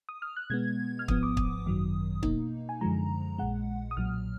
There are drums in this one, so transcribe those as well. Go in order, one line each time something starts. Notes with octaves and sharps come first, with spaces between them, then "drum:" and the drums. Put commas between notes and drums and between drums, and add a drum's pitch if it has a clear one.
D#6
F6
F#6
B2 G#3 B3 G#6
F6
G#1 G#2 F3 B3 D#6, drum: kick
D6
D#6, drum: kick
G#1 F#2 D#3 F#3
B2 A#3 D#4, drum: kick
G#5
F#2 D3 F3 G#3 A#5
A#1 A#2 G#3 F#5
D#6
B1 A#2 F#3 F6